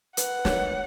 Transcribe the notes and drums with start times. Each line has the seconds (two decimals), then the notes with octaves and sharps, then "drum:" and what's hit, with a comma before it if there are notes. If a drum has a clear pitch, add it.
0.17 B4 F#5, drum: hi-hat
0.39 B4
0.45 C#5, drum: snare